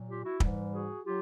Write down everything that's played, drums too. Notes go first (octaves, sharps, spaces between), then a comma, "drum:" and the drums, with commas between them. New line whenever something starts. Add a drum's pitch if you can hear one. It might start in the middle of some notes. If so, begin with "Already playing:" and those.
Already playing: A#2 F#3
F4 G4
E4 F#4
G#2 E3 G3, drum: kick
F#4 G#4
F#3 F4 G4